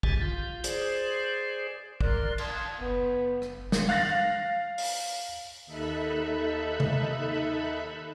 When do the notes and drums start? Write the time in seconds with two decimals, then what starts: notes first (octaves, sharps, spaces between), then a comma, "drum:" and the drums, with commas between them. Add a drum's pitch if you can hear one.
0.03 C#3 G4 G#5 A6, drum: kick
0.21 F4 G6
0.64 G#4 C5 D5, drum: hi-hat
2.01 A#4 D5 C6 F#6, drum: kick
2.38 A5 C6 D#6 G#6, drum: cymbal
2.81 F#1 B3
3.42 drum: rim click
3.72 drum: snare
3.89 F5 F#6 A6 A#6
4.78 drum: open hi-hat
5.66 D#2 D#4 A4 E5 B5 F#6
6.80 drum: tom C3